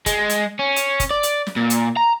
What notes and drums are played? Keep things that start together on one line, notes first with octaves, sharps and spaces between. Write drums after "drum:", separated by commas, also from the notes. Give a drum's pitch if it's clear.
G#3, drum: kick F#1, hi-hat
drum: hi-hat
C#4
drum: hi-hat
drum: kick F#1, hi-hat
D5
drum: hi-hat
drum: snare
A#2
drum: hi-hat
A#5